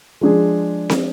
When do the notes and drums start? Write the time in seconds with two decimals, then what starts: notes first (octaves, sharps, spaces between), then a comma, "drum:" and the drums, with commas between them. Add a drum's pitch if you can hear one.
0.21 F3 G#3 D4 G#4
0.90 drum: snare C4